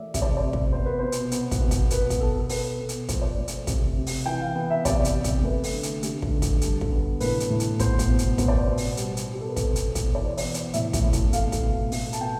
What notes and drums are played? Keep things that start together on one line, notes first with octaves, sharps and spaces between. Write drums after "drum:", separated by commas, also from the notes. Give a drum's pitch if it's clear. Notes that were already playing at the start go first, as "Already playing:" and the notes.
Already playing: E3 A3 D5 E5
C3 E5, drum: kick, hi-hat
D5
C5
D5
C3
drum: kick
B3 C5
B4
B2 C5
drum: hi-hat
B3, drum: hi-hat
drum: kick, hi-hat
B2
drum: kick, hi-hat
B3 B4, drum: hi-hat
drum: kick, hi-hat
B2 A4
A4
B3 B4, drum: open hi-hat
B2
drum: hi-hat
F3 C5, drum: kick, hi-hat
D5
A3 C5
drum: hi-hat
C3, drum: kick, hi-hat
C3
drum: open hi-hat
E3 G5
F5
B3
E5
C3 D5, drum: kick, hi-hat
drum: hi-hat
C3
drum: kick, hi-hat
A3 B4
drum: open hi-hat
D3
drum: hi-hat
A3 G4, drum: hi-hat
drum: kick
D3
drum: kick, hi-hat
G3 A4, drum: hi-hat
drum: kick
B3
A2 B4, drum: open hi-hat
drum: hi-hat
A2
drum: hi-hat
B3 C5, drum: kick, hi-hat
drum: kick, hi-hat
B2
drum: hi-hat
B3 C5, drum: kick, hi-hat
D5
C5
B2
drum: open hi-hat
G3, drum: hi-hat
drum: hi-hat
B3
G4
A4
B4
B2 C5, drum: kick, hi-hat
drum: hi-hat
B2
drum: kick, hi-hat
E3 D5
C5
D5, drum: open hi-hat
B3
drum: hi-hat
A2 E5, drum: hi-hat
drum: kick, hi-hat
A2
drum: kick, hi-hat
A3 F5, drum: hi-hat
drum: kick, hi-hat
B2
A3, drum: open hi-hat
A5, drum: hi-hat
B2 G5